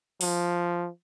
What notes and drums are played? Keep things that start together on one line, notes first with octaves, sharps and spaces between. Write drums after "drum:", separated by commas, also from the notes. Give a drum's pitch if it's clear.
F3, drum: open hi-hat